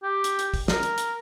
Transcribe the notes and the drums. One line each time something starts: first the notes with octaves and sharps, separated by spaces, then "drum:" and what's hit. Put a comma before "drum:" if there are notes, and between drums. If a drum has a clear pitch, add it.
G4
drum: hi-hat
drum: hi-hat
drum: kick, open hi-hat
A#4, drum: snare
drum: hi-hat
drum: hi-hat